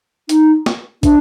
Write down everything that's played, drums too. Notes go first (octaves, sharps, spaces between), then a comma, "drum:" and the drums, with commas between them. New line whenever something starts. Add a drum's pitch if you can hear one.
D#4, drum: hi-hat
drum: snare
D4, drum: kick, hi-hat